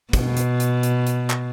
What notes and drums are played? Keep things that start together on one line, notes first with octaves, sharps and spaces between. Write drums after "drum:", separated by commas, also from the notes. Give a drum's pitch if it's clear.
B2, drum: kick, hi-hat
drum: hi-hat
drum: hi-hat
drum: hi-hat
drum: hi-hat
drum: clap